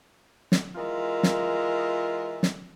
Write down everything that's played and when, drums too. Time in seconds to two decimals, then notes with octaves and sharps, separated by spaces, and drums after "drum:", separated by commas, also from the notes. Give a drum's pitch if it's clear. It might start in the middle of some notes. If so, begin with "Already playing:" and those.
0.52 drum: snare
0.76 E3 G#3 F4 A#4
1.23 drum: snare
2.43 drum: snare